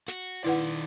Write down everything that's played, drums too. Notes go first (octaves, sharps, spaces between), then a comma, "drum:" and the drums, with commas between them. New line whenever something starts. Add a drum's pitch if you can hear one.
F#4, drum: snare
drum: hi-hat
drum: hi-hat
D#3 E4 B4 D5 F#5
drum: hi-hat